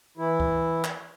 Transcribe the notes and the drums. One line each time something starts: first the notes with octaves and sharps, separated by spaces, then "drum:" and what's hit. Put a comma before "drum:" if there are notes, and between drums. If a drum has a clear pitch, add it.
E3 E4
drum: kick
drum: clap